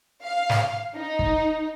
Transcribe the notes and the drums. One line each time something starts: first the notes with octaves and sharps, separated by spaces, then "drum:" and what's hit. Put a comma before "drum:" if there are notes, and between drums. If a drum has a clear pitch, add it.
F5
drum: snare
D#4
drum: kick